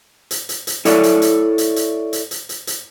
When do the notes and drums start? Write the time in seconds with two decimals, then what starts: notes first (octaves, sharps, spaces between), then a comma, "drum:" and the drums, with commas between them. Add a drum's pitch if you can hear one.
0.31 drum: hi-hat
0.49 drum: hi-hat
0.67 drum: hi-hat
0.85 E4 A4 C#5 D5, drum: hi-hat
1.03 drum: hi-hat
1.22 drum: hi-hat
1.58 drum: hi-hat
1.76 drum: hi-hat
2.13 drum: hi-hat
2.31 drum: hi-hat
2.49 drum: hi-hat
2.67 drum: hi-hat